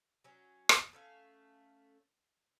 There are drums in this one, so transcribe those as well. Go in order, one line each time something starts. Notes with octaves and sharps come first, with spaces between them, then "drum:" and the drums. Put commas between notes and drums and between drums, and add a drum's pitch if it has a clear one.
F#3 C#4
drum: rim click
A3 C#4 F5